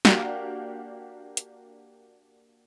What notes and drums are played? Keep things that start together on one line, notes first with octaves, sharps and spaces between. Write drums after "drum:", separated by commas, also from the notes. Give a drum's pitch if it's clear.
A#3 D4 F#4 G4 F5, drum: snare
drum: hi-hat